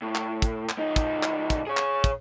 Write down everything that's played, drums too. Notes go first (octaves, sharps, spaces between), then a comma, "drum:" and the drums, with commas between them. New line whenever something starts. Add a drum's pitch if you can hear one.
A2
drum: clap
drum: kick, hi-hat
drum: clap
C#2 D#4
drum: kick, hi-hat
drum: clap
drum: kick, hi-hat
G#4 C#5
drum: clap
drum: kick, hi-hat